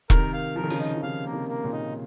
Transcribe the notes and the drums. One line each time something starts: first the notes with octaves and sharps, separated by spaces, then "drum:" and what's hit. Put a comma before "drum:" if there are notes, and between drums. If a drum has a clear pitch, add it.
C3 D#3 A#4, drum: kick E1
F5
F3 A#4
D#3
C#3 F3, drum: open hi-hat
D#4
F3
C3 D#3 F5
A#3
C3 D#3
A#3
A#2 C#3
D#4